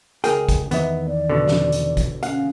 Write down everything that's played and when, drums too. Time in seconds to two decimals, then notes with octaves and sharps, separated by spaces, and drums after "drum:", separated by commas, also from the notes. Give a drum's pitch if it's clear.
0.24 C#2 G#4 A#4 G5, drum: hi-hat
0.49 drum: kick, hi-hat
0.71 E2 D#3 B3 E5, drum: hi-hat
1.07 D5
1.30 B2 D3
1.48 drum: snare
1.72 drum: hi-hat
1.97 drum: kick, hi-hat
2.23 C#4 F5 F#5, drum: hi-hat